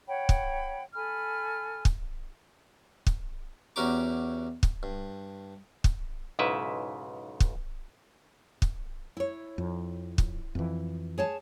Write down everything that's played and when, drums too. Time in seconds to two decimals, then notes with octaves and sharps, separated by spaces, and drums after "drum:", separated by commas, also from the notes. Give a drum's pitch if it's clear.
0.08 C#5 F#5 G5 B5
0.29 drum: kick
0.95 A4 G#5 B5 F6
1.85 drum: kick
3.07 drum: kick
3.76 E2 C#4 F#4 G4 A#5 D6
4.63 drum: kick
4.83 G2
5.84 drum: kick
6.39 B1 G#2 C#3 E4 B4 E5
7.40 drum: kick
8.62 drum: kick
9.17 E4 C#5
9.58 F2
10.18 drum: kick
10.55 F2 E3
11.18 G#4 C#5 A5